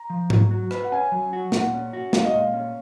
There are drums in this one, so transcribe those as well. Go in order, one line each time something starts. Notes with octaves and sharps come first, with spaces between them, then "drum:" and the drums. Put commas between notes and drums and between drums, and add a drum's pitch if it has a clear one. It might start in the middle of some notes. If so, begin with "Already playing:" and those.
Already playing: A#5
F3
F#3, drum: tom G#2
F#4
B4, drum: rim click
F#5
C#4 G#5
F#3
F#4
A#2 F#5, drum: snare
C#4
F#4
G#3 F5, drum: snare
D#5
A#2 F5
C#4